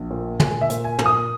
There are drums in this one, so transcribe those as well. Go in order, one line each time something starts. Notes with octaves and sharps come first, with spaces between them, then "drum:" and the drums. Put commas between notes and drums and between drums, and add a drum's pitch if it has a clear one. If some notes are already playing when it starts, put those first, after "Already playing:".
Already playing: A#1
A#2
A#2 G#5, drum: tom
E5
A#2, drum: hi-hat
G#5
A#2, drum: tom
D#6